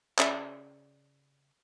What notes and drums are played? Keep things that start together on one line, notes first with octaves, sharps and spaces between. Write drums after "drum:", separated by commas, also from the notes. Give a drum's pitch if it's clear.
C#3 D5 E5, drum: clap